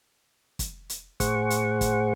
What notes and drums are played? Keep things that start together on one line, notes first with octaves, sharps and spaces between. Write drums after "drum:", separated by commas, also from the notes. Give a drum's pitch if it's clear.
drum: kick, hi-hat
drum: hi-hat
A2 G#4 C5 F#5 C#6, drum: kick, hi-hat
drum: hi-hat
drum: kick, hi-hat